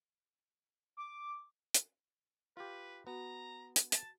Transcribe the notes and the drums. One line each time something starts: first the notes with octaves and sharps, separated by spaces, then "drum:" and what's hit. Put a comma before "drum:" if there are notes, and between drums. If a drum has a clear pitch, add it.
D6
drum: hi-hat
F4 G4 B4
B3 F#4 A#5
drum: hi-hat
A5, drum: hi-hat